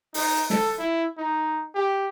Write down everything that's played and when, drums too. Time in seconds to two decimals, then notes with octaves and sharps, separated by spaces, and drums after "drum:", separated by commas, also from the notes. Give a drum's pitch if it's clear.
0.14 D#4, drum: open hi-hat
0.50 A4, drum: snare
0.79 E4
1.18 D#4
1.75 G4